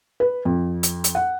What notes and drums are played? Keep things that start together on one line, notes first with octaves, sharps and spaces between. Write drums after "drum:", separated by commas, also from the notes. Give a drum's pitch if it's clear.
B4
F2
drum: hi-hat
drum: hi-hat
F#5